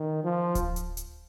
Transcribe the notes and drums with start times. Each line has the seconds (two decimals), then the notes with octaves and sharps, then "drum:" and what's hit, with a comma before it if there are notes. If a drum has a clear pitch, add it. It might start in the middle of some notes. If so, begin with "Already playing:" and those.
Already playing: D#3
0.24 F3
0.55 drum: kick D1, hi-hat
0.76 drum: hi-hat
0.97 drum: hi-hat